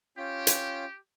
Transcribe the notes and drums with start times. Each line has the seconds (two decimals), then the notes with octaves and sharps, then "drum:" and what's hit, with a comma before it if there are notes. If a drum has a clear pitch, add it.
0.17 C#4 F4 G4 G5
0.47 drum: hi-hat